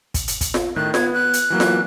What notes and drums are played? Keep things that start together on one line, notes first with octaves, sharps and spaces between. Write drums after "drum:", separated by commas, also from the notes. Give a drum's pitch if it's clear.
drum: kick, hi-hat
drum: hi-hat
drum: kick, hi-hat
drum: snare F4
A2 D#3 F#6
B3 G#6, drum: snare F4
F#6
drum: hi-hat
E3 F#3 A#3
drum: snare F4